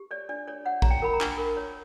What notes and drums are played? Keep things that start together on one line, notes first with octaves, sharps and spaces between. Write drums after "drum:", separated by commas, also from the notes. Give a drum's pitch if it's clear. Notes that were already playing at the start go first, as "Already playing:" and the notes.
Already playing: G4
C#5 D5
D4 D5
C#5 D5
C#5 F#5
C#5 A#5, drum: kick
G5
A#4 B5
A#5
D4, drum: clap
A#4
C#5